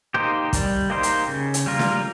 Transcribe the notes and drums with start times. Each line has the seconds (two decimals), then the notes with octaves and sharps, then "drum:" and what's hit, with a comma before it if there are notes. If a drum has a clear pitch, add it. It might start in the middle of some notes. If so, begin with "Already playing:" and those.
0.14 A#3 D#4 G4 C5
0.53 G3, drum: kick, hi-hat
0.90 A#3 D#4 G4 C5
1.03 drum: hi-hat
1.28 C#3
1.54 drum: hi-hat
1.66 G3 A#3 F4 A#4
1.79 drum: snare